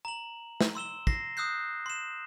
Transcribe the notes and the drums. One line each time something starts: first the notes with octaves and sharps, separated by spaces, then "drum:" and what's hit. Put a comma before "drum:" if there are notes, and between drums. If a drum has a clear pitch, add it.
A#5 F#7
drum: snare
C6 E6 E7 G7
A#6 C7, drum: kick
D#6 E6 F#6 G6 C7
C6 E7